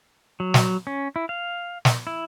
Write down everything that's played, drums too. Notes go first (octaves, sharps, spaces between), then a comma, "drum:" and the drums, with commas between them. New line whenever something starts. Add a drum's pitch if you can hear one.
F#3
drum: snare
C#4
E4
F5
drum: snare
E4